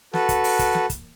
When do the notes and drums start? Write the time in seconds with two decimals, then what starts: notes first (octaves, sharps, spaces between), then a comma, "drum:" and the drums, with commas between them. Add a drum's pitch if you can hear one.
0.13 F#4 A4 B4, drum: snare
0.29 drum: kick, hi-hat
0.44 drum: open hi-hat
0.59 drum: kick, hi-hat
0.74 drum: snare
0.90 drum: kick, hi-hat